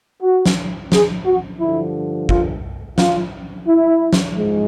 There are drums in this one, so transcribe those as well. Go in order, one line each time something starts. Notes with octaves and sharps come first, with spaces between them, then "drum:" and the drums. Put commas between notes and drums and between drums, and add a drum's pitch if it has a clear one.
F#4
drum: snare
G#4, drum: snare
F#4
G2 D3 F3 E4
F4, drum: kick
F4, drum: snare
E4
drum: snare
G#2 F3 G#3